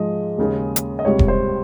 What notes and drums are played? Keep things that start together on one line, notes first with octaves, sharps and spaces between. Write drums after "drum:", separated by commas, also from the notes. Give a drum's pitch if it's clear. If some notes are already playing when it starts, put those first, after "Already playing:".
Already playing: G#2 F3 G#3 D#5
D#2 C#3 G#3
drum: hi-hat
D#5
C#2 C3 G3 C#5
drum: kick E1
C5